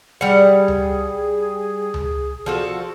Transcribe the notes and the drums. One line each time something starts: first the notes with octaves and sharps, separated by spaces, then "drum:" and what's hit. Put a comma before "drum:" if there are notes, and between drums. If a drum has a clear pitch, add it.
G3 G#4 F#5
drum: tom C#2
drum: tom C#2
F3 F#4 A4